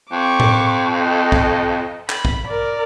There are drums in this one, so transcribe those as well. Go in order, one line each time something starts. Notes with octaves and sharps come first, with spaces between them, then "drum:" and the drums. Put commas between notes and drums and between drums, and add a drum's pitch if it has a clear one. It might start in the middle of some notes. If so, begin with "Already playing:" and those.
F2 C#6 D6
drum: tom A2
A4 D#5
drum: kick A#1
B5, drum: clap
drum: kick A#1
A#4 D5